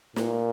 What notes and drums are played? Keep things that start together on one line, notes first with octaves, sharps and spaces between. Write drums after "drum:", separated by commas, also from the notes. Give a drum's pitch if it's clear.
A#2, drum: snare